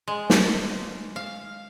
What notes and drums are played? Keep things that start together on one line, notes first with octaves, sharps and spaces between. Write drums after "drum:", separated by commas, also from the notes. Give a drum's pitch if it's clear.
G#3
drum: snare
F5